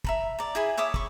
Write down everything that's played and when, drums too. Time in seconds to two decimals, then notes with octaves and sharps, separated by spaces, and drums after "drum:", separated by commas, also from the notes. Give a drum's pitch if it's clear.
0.04 E5 A#5 B5, drum: kick
0.39 D5 A#5
0.55 E4 G#4 G#5 B5
0.78 C#5 E5 D6 D#6
0.94 B5 C#6, drum: kick